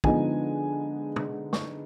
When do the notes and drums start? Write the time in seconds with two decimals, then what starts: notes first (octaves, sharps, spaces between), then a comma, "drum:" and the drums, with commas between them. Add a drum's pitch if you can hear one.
0.04 D3 F3 G#3 B3 D#4 G#5, drum: kick
1.16 drum: tom
1.53 C#6, drum: snare